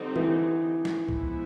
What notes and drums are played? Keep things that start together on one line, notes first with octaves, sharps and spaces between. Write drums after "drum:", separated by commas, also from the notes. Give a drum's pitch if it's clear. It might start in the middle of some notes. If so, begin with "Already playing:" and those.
Already playing: D3 G3 C4 D#4
E3, drum: tom D3
drum: snare
F3 G#3 B3 E4, drum: kick C2